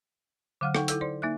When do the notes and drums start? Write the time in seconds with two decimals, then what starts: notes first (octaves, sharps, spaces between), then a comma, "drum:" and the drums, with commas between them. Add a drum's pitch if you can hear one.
0.61 D3 F#3 F5 F#5 F6
0.75 D#4 A4 F#5 G5 C#6, drum: rim click
0.88 E4 A4 E6, drum: hi-hat
1.01 C5 D5 C6
1.22 A#3 D#4 E5 F#6